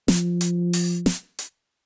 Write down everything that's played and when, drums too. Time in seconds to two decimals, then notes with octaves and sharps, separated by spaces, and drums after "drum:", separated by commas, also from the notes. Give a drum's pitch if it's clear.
0.08 F3, drum: snare
0.41 drum: hi-hat
0.73 drum: open hi-hat
1.06 drum: snare
1.39 drum: hi-hat